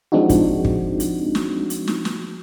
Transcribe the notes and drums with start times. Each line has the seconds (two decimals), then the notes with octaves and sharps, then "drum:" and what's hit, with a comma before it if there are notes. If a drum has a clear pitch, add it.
0.12 F3 G#3 C4 D4 D#4 F#4
0.29 drum: kick, hi-hat
0.65 drum: kick
1.00 drum: hi-hat
1.35 drum: snare
1.70 drum: hi-hat
1.88 drum: snare
2.05 drum: snare